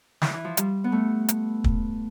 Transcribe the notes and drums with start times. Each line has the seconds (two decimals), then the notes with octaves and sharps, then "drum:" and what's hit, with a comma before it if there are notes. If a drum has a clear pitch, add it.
0.22 E3, drum: snare
0.33 E3
0.44 F3
0.57 G3, drum: hi-hat
0.84 B3
0.92 A3
1.29 drum: hi-hat
1.64 drum: kick